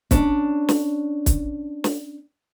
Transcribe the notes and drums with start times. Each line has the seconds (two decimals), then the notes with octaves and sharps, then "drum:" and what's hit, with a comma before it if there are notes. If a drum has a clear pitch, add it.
0.11 C#4 D4, drum: kick, hi-hat
0.69 drum: snare
1.26 drum: kick, hi-hat
1.84 drum: snare